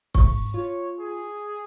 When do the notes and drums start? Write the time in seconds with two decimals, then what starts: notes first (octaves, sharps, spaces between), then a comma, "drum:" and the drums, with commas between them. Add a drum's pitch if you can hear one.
0.15 G#2 C#6, drum: kick C#1
0.54 F4 C#5
0.99 G#4